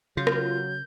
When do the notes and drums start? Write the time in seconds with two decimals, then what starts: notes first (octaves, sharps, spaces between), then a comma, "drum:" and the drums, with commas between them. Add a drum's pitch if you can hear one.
0.17 C#3 F#3 F4 G6
0.27 drum: rim click